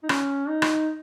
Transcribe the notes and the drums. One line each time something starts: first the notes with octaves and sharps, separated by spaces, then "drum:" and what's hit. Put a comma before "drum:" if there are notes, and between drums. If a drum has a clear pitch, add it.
D#4
C#4, drum: rim click
D#4
drum: rim click